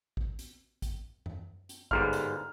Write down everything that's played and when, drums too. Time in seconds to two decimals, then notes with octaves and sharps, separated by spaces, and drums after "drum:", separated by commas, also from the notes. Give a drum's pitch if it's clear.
0.17 drum: kick A1
0.39 drum: hi-hat
0.82 drum: kick A1, hi-hat
1.26 drum: tom F#2
1.69 drum: hi-hat
1.91 G1 G#2 G3 F6, drum: kick A1
2.13 drum: hi-hat